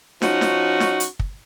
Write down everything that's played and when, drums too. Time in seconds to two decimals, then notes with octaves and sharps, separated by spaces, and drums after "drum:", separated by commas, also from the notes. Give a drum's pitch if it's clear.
0.22 F3 C#4 D#4 F#4, drum: snare
0.41 drum: snare
0.80 drum: snare
1.00 drum: hi-hat
1.19 drum: kick